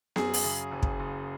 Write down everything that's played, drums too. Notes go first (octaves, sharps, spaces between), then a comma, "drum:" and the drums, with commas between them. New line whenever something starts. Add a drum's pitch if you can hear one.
F#2 G#4, drum: snare B3
drum: open hi-hat
C#3
F#1
drum: kick
F#1